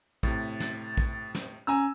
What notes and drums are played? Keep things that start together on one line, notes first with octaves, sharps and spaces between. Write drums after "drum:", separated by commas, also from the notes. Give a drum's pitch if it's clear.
A2 C3 A6, drum: kick
drum: snare
drum: kick
drum: snare
C#4 G#5 A#5 E6